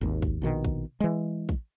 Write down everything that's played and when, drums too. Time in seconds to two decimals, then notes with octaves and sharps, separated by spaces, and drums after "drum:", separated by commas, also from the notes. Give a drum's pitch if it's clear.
0.01 G#1 D#2
0.22 drum: kick
0.42 A#1 B2 D#3
0.65 drum: kick
1.00 E3 G#3
1.49 drum: kick